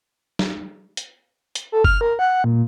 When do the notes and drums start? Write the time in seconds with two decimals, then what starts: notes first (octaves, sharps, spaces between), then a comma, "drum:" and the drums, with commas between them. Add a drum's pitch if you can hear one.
0.39 drum: snare
0.97 drum: hi-hat
1.55 drum: hi-hat
1.72 A4
1.84 F6, drum: kick
2.01 A#4
2.19 F#5
2.44 A#2